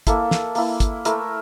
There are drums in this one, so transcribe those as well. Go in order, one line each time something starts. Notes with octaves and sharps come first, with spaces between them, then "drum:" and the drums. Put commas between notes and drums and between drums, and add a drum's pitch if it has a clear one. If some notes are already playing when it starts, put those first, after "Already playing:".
A#3 E4 A4, drum: kick, hi-hat
drum: snare
A#3 E4, drum: open hi-hat
drum: kick, hi-hat
A3 E4 A#4, drum: hi-hat